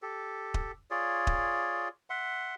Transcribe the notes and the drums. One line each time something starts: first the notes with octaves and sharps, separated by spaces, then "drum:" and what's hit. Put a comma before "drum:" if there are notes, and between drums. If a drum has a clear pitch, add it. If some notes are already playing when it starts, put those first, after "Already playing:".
G4 A4
drum: kick D#1
F4 G#4 C#5 D5
drum: kick D#1
E5 F#5 C6